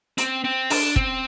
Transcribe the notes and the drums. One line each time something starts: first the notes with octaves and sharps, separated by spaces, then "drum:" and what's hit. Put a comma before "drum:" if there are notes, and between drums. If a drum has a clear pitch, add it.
C4, drum: hi-hat
C4
D4, drum: open hi-hat
C4, drum: kick